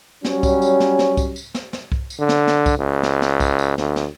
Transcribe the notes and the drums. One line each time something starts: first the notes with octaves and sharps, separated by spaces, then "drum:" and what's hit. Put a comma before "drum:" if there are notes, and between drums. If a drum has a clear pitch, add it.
F#3 G3 C#4, drum: snare
drum: kick C2, tambourine
drum: tambourine
drum: snare
drum: snare
drum: kick C2, tambourine
drum: tambourine
drum: snare
drum: snare
drum: kick C2
drum: tambourine
D3
drum: snare
drum: snare
drum: kick C2, tambourine
C#2
drum: snare
drum: snare
drum: kick C2, tambourine
drum: tambourine
D2, drum: snare
drum: snare